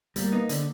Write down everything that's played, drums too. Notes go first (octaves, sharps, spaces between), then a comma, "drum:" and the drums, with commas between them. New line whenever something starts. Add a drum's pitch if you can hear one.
G3 A#3, drum: hi-hat
B3 D#4
D3, drum: hi-hat